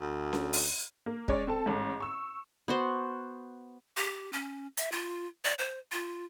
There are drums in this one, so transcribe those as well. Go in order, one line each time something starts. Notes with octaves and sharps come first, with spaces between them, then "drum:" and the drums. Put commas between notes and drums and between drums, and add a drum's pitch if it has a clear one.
D2
drum: snare C#4
drum: open hi-hat
A#3
G#3 C#4 C#5 D5, drum: kick
C4 A4 A5
A1 G#2
C#6 E6
B3 F#4 C5
G4
C#4
E5, drum: hi-hat
F4
D5
C5
F4